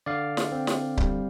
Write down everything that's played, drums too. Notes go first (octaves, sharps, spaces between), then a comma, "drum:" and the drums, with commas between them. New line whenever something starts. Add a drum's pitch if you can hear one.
D3 D5 F5
drum: snare
C4
drum: snare
G3, drum: kick C#1